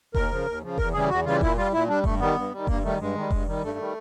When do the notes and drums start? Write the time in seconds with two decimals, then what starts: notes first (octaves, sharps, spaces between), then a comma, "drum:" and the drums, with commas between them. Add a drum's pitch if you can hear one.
0.15 D#2 A#4, drum: kick F1
0.30 C#3 F3
0.46 D#2
0.62 C#3 F3
0.78 E2 A#4, drum: kick F1
0.94 C#3 E3 G3 G#4
1.09 E2 F#4
1.25 C#3 E3 G3 F4
1.41 A#2 E4, drum: kick F1
1.57 G3 F4
1.73 A#2 E4
1.88 G3 D4
2.04 G2 A3, drum: kick F1
2.20 D#3 G3 B3
2.36 G2
2.51 D#3 G3
2.67 G2 A#3, drum: kick F1
2.83 D#3 G3 A3
2.99 G2 G#3
3.15 D#3 G3
3.31 G2, drum: kick F1
3.46 D#3 G3
3.62 G2 A3
3.78 D#3 G3